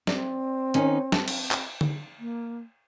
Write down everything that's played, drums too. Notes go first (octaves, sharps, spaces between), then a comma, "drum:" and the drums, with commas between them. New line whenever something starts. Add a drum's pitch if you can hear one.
C4 D5, drum: snare
D#3 C#4 D#4, drum: hi-hat
A5, drum: snare
drum: cymbal
drum: clap
drum: tom D3
A#3